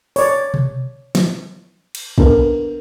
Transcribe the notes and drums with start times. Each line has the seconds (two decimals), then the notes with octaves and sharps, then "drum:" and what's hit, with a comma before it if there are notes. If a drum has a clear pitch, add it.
0.16 C#5 D5, drum: open hi-hat
0.54 drum: tom B2
1.15 drum: snare
1.95 drum: cymbal
2.18 B3 D4 A#4 B4, drum: kick